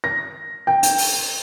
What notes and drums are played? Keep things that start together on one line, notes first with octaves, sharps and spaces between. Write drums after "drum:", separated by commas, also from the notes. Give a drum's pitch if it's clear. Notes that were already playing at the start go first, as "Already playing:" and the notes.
A#6
G5
drum: hi-hat
drum: open hi-hat